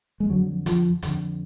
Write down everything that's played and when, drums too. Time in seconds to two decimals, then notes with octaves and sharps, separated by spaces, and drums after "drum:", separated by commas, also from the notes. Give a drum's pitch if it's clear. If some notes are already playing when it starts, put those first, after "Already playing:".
0.20 G#3
0.29 F2 D3 F#3
0.66 F3, drum: hi-hat
1.02 F2 D3, drum: hi-hat